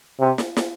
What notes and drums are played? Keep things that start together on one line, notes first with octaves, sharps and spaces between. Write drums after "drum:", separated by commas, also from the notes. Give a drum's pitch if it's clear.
C3
drum: snare
drum: snare